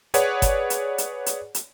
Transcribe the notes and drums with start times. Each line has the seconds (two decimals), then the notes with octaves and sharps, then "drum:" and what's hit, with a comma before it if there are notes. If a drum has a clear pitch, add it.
0.14 G#4 B4 C#5 D5 F#5, drum: hi-hat
0.42 drum: kick G1, hi-hat
0.70 drum: hi-hat
0.98 drum: hi-hat
1.26 drum: hi-hat
1.55 drum: hi-hat